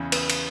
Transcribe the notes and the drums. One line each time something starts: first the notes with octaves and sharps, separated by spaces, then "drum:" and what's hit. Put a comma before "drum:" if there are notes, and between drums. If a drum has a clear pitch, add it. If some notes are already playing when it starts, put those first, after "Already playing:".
Already playing: E2 C#3
B3, drum: cymbal
drum: cymbal